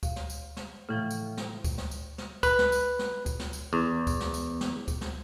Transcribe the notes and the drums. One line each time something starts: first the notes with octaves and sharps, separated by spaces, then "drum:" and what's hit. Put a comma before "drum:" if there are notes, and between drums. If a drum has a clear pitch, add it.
F5, drum: kick D2, tambourine
drum: snare
drum: tambourine
drum: snare
A2 C#3 E3 F3
drum: tambourine
drum: snare
drum: kick D2, tambourine
drum: snare
drum: tambourine
drum: snare
B4, drum: kick D2, tambourine
drum: snare
drum: tambourine
drum: snare
drum: kick D2, tambourine
drum: snare
drum: tambourine
E2
drum: kick D2, tambourine
drum: snare
drum: tambourine
drum: snare
drum: kick D2, tambourine
drum: snare